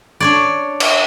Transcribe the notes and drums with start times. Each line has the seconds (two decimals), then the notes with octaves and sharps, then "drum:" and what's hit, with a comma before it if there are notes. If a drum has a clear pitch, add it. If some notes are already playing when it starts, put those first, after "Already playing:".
0.20 D4 C#5 D5
0.80 drum: cymbal